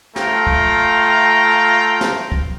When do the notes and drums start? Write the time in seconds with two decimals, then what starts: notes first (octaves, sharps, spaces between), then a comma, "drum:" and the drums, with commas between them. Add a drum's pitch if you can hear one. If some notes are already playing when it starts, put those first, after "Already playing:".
0.16 A3 F4 F5 G5 A#5, drum: snare
0.47 drum: kick
2.01 drum: snare
2.32 drum: kick